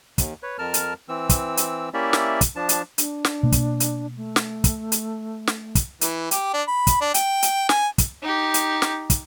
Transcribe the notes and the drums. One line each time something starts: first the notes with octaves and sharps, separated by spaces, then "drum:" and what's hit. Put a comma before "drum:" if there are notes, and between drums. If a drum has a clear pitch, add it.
D#2, drum: kick, hi-hat
B4 C#5
F2 A#4 A5 F6
drum: hi-hat
E3 C4 E6
drum: kick, hi-hat
drum: hi-hat
A#3 C#4 E4 G4 D5 E5
drum: snare
drum: kick, hi-hat
F3 D4 A5
drum: hi-hat
D4, drum: hi-hat
drum: snare
B2 A#3
drum: kick, hi-hat
drum: hi-hat
A3
drum: snare
drum: kick, hi-hat
drum: hi-hat
drum: snare
drum: kick, hi-hat
E3, drum: hi-hat
G4, drum: hi-hat
D4
B5
drum: kick, hi-hat
D4
G5, drum: hi-hat
drum: hi-hat
G#5, drum: snare
drum: kick, hi-hat
D#4 G4
drum: hi-hat
drum: snare
drum: kick, hi-hat